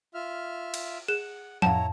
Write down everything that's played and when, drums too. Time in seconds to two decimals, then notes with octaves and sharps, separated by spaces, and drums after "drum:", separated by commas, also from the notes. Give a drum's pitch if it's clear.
0.14 F4 E5 F6
0.74 drum: cymbal
1.08 G#4 F#5 E7
1.62 F2 A2 E4 C#5 F5 A5 A#5, drum: tom F3